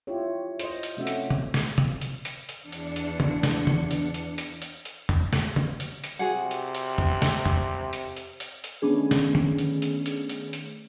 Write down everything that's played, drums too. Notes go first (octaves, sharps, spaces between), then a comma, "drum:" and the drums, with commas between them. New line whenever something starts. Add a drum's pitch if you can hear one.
E4 F4 G4 C#5
C5 D#5, drum: hi-hat
drum: hi-hat
C3 A3 C4 C#4 F#4 E5
drum: hi-hat
drum: tom
drum: snare
drum: tom
drum: hi-hat
drum: hi-hat
drum: hi-hat
E2 D4 C#7
drum: hi-hat
drum: hi-hat
drum: tom
drum: snare
drum: tom
drum: hi-hat
drum: hi-hat
drum: hi-hat
drum: hi-hat
drum: hi-hat
drum: tom
drum: snare
drum: tom
drum: hi-hat
drum: hi-hat
C3 F#4 G#4 F#5
drum: hi-hat
drum: hi-hat
drum: tom
drum: snare
drum: tom
drum: hi-hat
drum: hi-hat
drum: hi-hat
drum: hi-hat
D#3 A3 B3 C#4 D4 G#4
drum: snare
drum: tom D3
drum: hi-hat
drum: hi-hat
drum: hi-hat
drum: hi-hat
drum: hi-hat